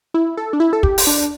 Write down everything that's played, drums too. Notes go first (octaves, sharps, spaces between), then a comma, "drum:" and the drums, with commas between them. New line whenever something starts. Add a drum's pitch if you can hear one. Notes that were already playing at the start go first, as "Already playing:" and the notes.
E4
A4
D4
E4
A4
G4, drum: kick
drum: open hi-hat
D4